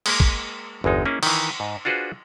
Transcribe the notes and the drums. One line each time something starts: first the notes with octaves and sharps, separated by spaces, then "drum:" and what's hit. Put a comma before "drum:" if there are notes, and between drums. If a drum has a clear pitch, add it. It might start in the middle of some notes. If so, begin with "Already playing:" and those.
G#3 A#3 A#4, drum: cymbal
drum: kick
G1 E2 G#3 D#4
A#3 C#4 D#4 E4 G#4
D#3 E3, drum: cymbal
G#2
D4 F4 F#4 G#4 B4 C5